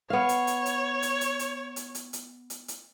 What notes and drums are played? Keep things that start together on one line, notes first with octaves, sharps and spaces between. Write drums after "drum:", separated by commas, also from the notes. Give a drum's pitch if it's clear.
B3 C#5 F5
drum: hi-hat
drum: hi-hat
drum: hi-hat
drum: hi-hat
drum: hi-hat
drum: hi-hat
drum: hi-hat
drum: hi-hat
drum: hi-hat
drum: hi-hat
drum: hi-hat